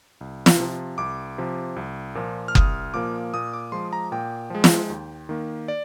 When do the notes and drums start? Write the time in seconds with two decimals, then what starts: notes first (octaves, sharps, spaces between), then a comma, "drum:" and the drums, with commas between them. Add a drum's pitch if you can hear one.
0.21 C2
0.46 drum: snare
0.60 C3 F3
0.98 C2 D6
1.38 C3 F3
1.76 C2
2.15 A#2 F3 A#3
2.48 F6
2.55 C2 D#6, drum: kick F#1
2.94 A#2 F3 A#3 D6
3.34 A#2 D#6
3.53 D6
3.72 F3 G#3 C6
3.93 A#5
4.12 A#2 G5
4.50 F3 G#3
4.64 drum: snare
4.90 D#2
5.29 D#3 A#3
5.68 D5